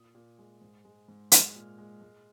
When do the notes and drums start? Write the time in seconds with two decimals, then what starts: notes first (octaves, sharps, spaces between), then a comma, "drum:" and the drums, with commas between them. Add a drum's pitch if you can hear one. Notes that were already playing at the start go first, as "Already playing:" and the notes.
Already playing: A#2 D#6
0.15 A#2
0.38 G#3
0.61 G#2
0.85 G#3
1.08 G#2
1.32 G#3 F6, drum: hi-hat
1.55 A#2
1.78 G#3
2.02 G#3